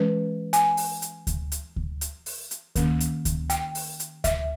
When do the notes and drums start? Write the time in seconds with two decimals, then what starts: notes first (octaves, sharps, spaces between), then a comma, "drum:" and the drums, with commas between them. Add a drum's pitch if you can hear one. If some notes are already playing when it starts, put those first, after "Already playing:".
Already playing: E3 G#3 C#4 B4
0.53 G#5, drum: hi-hat
0.77 drum: open hi-hat
1.02 drum: hi-hat
1.27 drum: kick D2, hi-hat
1.52 drum: hi-hat
1.76 drum: kick D2
2.01 drum: hi-hat
2.26 drum: open hi-hat
2.51 drum: hi-hat
2.76 D#3 A#3 C#4, drum: kick D2, hi-hat
3.00 drum: hi-hat
3.25 drum: kick D2, hi-hat
3.50 G5, drum: hi-hat
3.75 drum: open hi-hat
4.00 drum: hi-hat
4.24 E5, drum: kick D2, hi-hat